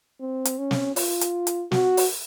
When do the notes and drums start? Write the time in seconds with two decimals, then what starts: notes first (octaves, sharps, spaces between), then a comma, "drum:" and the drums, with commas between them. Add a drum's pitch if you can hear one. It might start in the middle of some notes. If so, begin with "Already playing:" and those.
0.21 C4
0.45 drum: hi-hat
0.58 C#4
0.71 drum: snare
0.96 F4, drum: open hi-hat
1.21 drum: hi-hat
1.47 drum: hi-hat
1.72 F#4, drum: snare
1.97 drum: open hi-hat